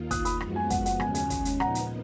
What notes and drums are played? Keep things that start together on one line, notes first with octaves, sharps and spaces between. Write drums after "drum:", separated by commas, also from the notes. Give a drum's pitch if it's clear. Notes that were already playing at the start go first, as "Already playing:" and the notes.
Already playing: D#2 D#3 A#3 F4
D#6 F#6, drum: kick, hi-hat
B5 D#6, drum: hi-hat
F#2 F3 G#3 B3 F#4, drum: rim click
G#5
F#5, drum: kick, hi-hat
F#5, drum: hi-hat
D#2 C#3 G#3 C#4 G#5, drum: rim click
G#5, drum: hi-hat
drum: kick, hi-hat
drum: hi-hat
A#2 F3 B3 D#4 F#5 A#5, drum: rim click
drum: hi-hat